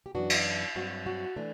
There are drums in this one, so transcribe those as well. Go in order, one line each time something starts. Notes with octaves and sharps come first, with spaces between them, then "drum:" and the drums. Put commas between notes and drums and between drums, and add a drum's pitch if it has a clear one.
G4
F#2 E3 B3 D4 F#4
drum: cymbal
G2 F#3 C4 F#4
F#4
E3 A3 D4